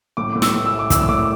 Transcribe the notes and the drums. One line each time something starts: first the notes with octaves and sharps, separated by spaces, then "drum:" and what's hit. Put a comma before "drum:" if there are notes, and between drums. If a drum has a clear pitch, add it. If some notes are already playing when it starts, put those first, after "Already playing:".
A2 D6
A2
E6, drum: snare
A2
E6
E4
D6
A2 E6, drum: kick, hi-hat
E6
A2 D6